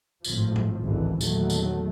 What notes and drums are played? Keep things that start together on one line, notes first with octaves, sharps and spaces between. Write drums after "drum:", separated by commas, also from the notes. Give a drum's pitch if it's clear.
G#1 A2 F3, drum: tambourine
drum: tom A2
G#1 C#2 D3 E3
A#1 E2 D#3 F#3 A3, drum: tambourine
drum: tambourine